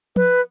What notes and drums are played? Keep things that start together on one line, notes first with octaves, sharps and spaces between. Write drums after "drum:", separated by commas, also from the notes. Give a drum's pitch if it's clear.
B4, drum: tom F3